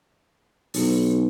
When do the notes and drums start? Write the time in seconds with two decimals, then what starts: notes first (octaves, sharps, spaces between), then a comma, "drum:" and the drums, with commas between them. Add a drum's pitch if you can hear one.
0.74 B1, drum: open hi-hat